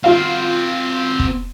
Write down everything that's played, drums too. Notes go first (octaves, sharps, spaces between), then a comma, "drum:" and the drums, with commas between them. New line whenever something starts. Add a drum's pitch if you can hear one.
C4 F4 F#4 F5
drum: kick